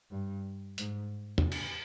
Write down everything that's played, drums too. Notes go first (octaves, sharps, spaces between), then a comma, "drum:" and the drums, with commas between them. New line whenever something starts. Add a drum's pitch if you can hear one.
G2
G#2, drum: hi-hat
drum: tom
drum: cymbal